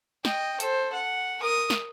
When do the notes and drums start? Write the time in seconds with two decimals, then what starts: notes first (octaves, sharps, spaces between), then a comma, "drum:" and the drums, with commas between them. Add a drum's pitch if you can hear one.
0.25 D#5 G5, drum: snare
0.60 A4 C5, drum: hi-hat
0.92 F#5
1.39 A#4 D#6
1.70 drum: snare